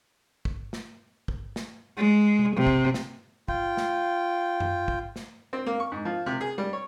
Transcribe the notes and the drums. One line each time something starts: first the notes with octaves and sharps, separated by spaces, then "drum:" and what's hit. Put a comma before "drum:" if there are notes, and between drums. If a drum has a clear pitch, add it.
drum: kick
drum: snare
drum: kick
drum: snare
G#3
drum: tom C3
C3
drum: kick
drum: snare
F4 G5, drum: kick
drum: snare
drum: tom F#2
drum: kick
drum: snare
C4
A#3
C#6
G#2
F3
C3
G#4
G3
C#5